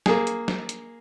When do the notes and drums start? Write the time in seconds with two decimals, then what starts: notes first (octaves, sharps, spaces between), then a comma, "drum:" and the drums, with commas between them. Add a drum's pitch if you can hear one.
0.06 A#3 G#4, drum: snare
0.27 drum: hi-hat
0.48 drum: snare
0.69 drum: hi-hat